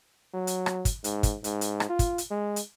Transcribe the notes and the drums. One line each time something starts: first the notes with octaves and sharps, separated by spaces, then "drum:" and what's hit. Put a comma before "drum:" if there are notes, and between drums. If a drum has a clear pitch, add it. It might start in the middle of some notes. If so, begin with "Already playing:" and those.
F#3
drum: hi-hat
drum: rim click
drum: kick, hi-hat
G#2, drum: hi-hat
drum: kick, hi-hat
G#2, drum: hi-hat
drum: hi-hat
drum: rim click
F4
drum: kick, hi-hat
drum: hi-hat
G#3
drum: hi-hat